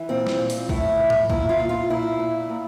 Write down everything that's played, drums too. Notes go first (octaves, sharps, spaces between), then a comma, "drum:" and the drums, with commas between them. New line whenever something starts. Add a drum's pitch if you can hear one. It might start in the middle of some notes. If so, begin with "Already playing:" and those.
Already playing: E3
A#2 C4
drum: snare
A#2
drum: open hi-hat
A2 E4, drum: kick B1
E3
drum: tom A2
A#2 E4, drum: kick B1
F4
A#2
F4
A#2 E4
A#2
A#2